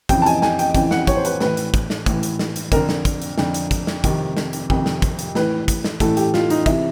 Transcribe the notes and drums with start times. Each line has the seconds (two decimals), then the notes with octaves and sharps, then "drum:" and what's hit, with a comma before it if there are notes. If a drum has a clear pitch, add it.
0.09 F2 C#3 E3 G5, drum: kick, hi-hat
0.22 A5
0.26 G#5, drum: hi-hat
0.42 G#5, drum: snare
0.59 G5, drum: hi-hat
0.74 F2 C#3 E3 G5, drum: kick, hi-hat
0.91 F#5, drum: snare
1.07 C#5, drum: kick, hi-hat
1.17 C5
1.25 B4, drum: hi-hat
1.40 A2 E3 B4, drum: snare
1.57 drum: hi-hat
1.74 drum: kick, hi-hat
1.90 drum: snare
2.06 A2 E3, drum: kick, hi-hat
2.23 drum: hi-hat
2.39 drum: snare
2.56 drum: hi-hat
2.72 F2 D3 A#4, drum: kick, hi-hat
2.89 drum: snare
3.05 drum: kick, hi-hat
3.22 drum: hi-hat
3.38 F2 D3, drum: snare
3.54 drum: hi-hat
3.71 drum: kick, hi-hat
3.87 drum: snare
4.04 F2 C3 D#3, drum: kick, hi-hat
4.37 drum: snare
4.53 drum: hi-hat
4.70 F2 C3 D#3, drum: kick
4.86 drum: snare
5.02 drum: kick, hi-hat
5.19 drum: hi-hat
5.35 A2 E3 B4, drum: snare
5.68 drum: kick, hi-hat
5.84 drum: snare
6.00 A2 E3 A4, drum: kick, hi-hat
6.17 G4, drum: hi-hat
6.34 F4, drum: snare
6.50 D#4, drum: hi-hat
6.66 C3 E3 E4, drum: kick, hi-hat